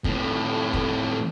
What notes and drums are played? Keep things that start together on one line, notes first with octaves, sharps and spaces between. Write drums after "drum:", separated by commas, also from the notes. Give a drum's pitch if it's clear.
F2 A2, drum: kick
drum: kick